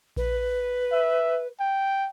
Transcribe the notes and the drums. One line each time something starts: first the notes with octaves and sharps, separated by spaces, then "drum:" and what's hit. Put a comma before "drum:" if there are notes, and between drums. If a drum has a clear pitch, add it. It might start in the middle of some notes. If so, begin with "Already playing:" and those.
B4, drum: kick A#1
E5
G5